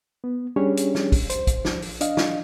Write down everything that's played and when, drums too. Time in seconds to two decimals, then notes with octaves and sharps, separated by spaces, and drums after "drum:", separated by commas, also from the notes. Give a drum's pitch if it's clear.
0.24 B3
0.56 G3 C#4 D4 G4 G#4 C#5
0.77 drum: hi-hat
0.95 drum: snare
1.12 drum: kick, open hi-hat
1.30 C5, drum: hi-hat
1.47 drum: kick, hi-hat
1.65 drum: snare
1.82 drum: open hi-hat
2.01 D4 D#5 F5, drum: hi-hat
2.17 drum: snare